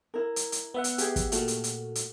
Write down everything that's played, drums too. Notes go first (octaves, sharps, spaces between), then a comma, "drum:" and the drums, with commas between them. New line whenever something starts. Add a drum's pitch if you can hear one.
E4 A#4
drum: hi-hat
drum: hi-hat
B3 E5 F#5
drum: hi-hat
G4 G#4, drum: hi-hat
drum: kick, hi-hat
A#2 A3 F#4, drum: hi-hat
drum: hi-hat
drum: hi-hat
drum: hi-hat